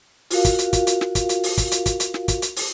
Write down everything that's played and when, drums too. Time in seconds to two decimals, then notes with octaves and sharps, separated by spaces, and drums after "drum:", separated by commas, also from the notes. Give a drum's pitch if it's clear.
0.30 F4 F#4 A#4 F5, drum: open hi-hat
0.45 drum: kick, hi-hat
0.59 drum: hi-hat
0.73 drum: kick, hi-hat
0.87 drum: hi-hat
1.01 drum: snare
1.15 drum: kick, hi-hat
1.29 drum: hi-hat
1.43 drum: open hi-hat
1.58 drum: kick, hi-hat
1.72 drum: hi-hat
1.86 drum: kick, hi-hat
2.00 drum: hi-hat
2.14 drum: snare
2.28 drum: kick, hi-hat
2.42 drum: hi-hat
2.56 drum: open hi-hat